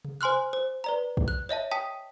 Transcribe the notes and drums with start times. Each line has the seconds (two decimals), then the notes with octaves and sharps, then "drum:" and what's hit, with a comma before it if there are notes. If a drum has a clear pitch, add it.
0.05 drum: tom C3
0.21 C5 G#5 C6 F6 F#6
0.53 C5
0.84 B4 D5 A#5
1.17 drum: kick
1.28 F#6
1.49 C#5 D#5 E5 A5
1.71 G5 A5 D#6 B6